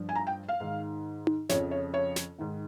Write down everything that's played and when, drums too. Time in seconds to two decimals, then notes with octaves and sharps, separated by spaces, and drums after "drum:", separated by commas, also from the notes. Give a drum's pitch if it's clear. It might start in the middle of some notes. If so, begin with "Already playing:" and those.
Already playing: G2 F3
0.09 G#5
0.15 A#5
0.27 G5
0.48 F5
0.60 G#2 D#3
1.27 drum: tom D#4
1.49 F2 C#3 F3 C#5, drum: snare
1.71 C#5
1.94 C#5
2.16 drum: snare
2.38 G#2 D#3